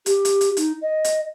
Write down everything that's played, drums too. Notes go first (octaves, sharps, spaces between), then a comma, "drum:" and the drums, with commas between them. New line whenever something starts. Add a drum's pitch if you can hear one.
G4, drum: hi-hat
drum: hi-hat
drum: hi-hat
D#4, drum: hi-hat
D#5
drum: hi-hat